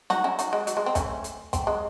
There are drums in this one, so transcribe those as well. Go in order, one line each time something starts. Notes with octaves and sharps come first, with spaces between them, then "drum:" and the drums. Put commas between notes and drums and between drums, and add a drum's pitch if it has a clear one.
D#4 F#4, drum: snare
C#4 E4
D#4 F#4, drum: hi-hat
G#3
F#3, drum: hi-hat
G#3
C4
A3 C#4, drum: kick, hi-hat
drum: hi-hat
C4, drum: kick, hi-hat
G#3